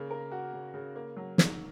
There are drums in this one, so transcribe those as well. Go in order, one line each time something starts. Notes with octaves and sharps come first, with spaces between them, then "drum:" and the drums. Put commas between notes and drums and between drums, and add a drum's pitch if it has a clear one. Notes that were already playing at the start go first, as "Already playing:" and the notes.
Already playing: C#3 A#3
A#4
F#4
C#3
C#3
A#3
F#3
G#2, drum: snare